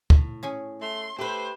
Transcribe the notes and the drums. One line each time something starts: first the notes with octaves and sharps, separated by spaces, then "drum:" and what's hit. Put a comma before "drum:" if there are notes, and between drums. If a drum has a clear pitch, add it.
A2, drum: kick
C#4 G#4 G#5
A3 C6
A3 G4 B4 C5